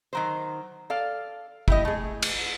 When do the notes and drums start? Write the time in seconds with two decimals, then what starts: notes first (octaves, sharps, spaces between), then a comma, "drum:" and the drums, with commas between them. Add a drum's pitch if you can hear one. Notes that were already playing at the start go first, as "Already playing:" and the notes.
0.13 D#3 F#3 C5
0.90 A4 D5 F5
1.68 E4 G4 D#5, drum: kick G1
1.85 A3 G#4
2.22 drum: cymbal